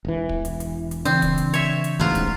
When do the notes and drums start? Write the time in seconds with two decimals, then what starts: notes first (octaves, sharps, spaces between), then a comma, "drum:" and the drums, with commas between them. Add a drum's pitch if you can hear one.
0.05 E1 E3
0.29 drum: kick
0.45 drum: hi-hat
0.60 drum: hi-hat
0.91 drum: hi-hat
1.05 C#3 E3 C4 D4, drum: hi-hat
1.22 drum: kick, hi-hat
1.38 drum: hi-hat
1.54 C#5 E5, drum: hi-hat
1.84 drum: hi-hat
2.00 A1 E2 G#2 F#3 F4
2.15 drum: kick, hi-hat